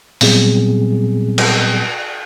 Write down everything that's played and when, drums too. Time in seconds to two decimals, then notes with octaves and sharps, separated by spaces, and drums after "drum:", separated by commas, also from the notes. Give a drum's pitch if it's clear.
0.21 A#2 F#3 G3 B3 C4 G#4, drum: open hi-hat
1.38 drum: cymbal